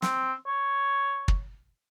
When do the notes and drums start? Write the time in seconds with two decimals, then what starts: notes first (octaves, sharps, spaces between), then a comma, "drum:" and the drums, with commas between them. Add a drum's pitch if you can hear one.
0.02 C4, drum: snare
0.47 C#5
1.28 drum: kick